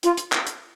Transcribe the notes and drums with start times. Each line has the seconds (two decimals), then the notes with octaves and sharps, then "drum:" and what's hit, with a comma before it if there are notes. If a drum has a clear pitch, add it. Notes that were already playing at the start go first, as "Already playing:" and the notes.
0.03 F4, drum: hi-hat
0.17 drum: hi-hat
0.32 drum: clap
0.47 drum: hi-hat